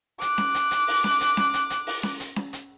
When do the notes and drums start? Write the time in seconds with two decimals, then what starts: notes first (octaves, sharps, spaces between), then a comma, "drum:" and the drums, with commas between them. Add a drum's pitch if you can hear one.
0.21 D6 F#6, drum: hi-hat
0.38 drum: snare C#4
0.54 drum: hi-hat
0.71 drum: hi-hat
0.87 drum: open hi-hat
1.04 drum: snare C#4
1.20 drum: hi-hat
1.37 drum: snare C#4
1.54 drum: hi-hat
1.70 drum: hi-hat
1.87 drum: open hi-hat
2.03 drum: snare C#4
2.20 drum: hi-hat
2.36 drum: snare C#4
2.53 drum: hi-hat